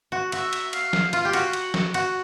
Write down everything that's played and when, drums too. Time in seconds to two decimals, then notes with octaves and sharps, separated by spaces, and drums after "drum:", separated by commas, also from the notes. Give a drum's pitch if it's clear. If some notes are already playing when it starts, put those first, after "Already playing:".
0.12 F#4
0.32 F#4 E5, drum: cymbal
0.53 drum: cymbal
0.73 F5, drum: cymbal
0.93 drum: snare
1.13 F4, drum: cymbal
1.25 G4
1.33 F#4, drum: cymbal
1.53 F#5, drum: cymbal
1.74 drum: snare
1.94 F#4, drum: cymbal